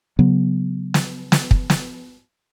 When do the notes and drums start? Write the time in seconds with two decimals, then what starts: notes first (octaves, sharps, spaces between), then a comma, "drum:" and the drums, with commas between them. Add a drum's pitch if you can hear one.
0.19 C#3 F#3 B3
0.94 drum: snare
1.32 drum: snare
1.51 drum: kick
1.70 drum: snare